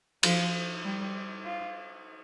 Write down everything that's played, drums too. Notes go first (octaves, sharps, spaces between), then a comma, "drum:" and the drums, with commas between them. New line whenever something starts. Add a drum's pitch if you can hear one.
F3, drum: cymbal
G3
F4